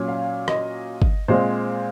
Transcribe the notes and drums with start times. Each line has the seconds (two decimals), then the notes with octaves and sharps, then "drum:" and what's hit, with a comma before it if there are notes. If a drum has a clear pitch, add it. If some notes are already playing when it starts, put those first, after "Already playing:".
Already playing: A#2 F#3 C#4
0.08 F5
0.48 D#5, drum: rim click
1.02 drum: kick G1
1.28 A#2 G#3 C4 C5